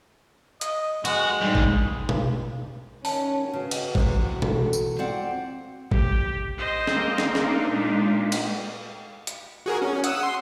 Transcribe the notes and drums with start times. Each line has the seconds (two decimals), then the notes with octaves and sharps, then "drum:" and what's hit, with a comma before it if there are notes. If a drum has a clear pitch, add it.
0.61 D#5, drum: hi-hat
1.05 G#3 F#4, drum: cymbal
1.41 G#2 G3
1.55 drum: kick G#1
2.09 drum: tom B2
3.05 D#3 C#4 A5, drum: open hi-hat
3.53 C#3 F#4 B4
3.71 drum: cymbal
3.95 C3 E3 C5 D#6, drum: kick G#1
4.42 A4, drum: tom B2
4.73 drum: tambourine
4.99 F2 C4 D5 F#5
5.91 G4, drum: kick G#1
6.58 C5 D#5
6.87 A#3 C4, drum: snare
7.18 drum: snare
7.35 D4 D#4, drum: snare
7.68 A#2 G#3
8.32 drum: cymbal
9.27 drum: hi-hat
9.66 F#4 G#4 A#4
9.82 C#4
10.04 F#5 D#6 E6, drum: hi-hat
10.23 C6